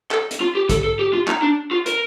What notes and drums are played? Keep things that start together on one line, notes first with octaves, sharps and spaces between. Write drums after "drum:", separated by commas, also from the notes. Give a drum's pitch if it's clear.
A4, drum: clap
drum: hi-hat
F4
G4
A4, drum: kick, hi-hat
A4
G4
F4
D#4, drum: clap
D4
F4
A#4, drum: hi-hat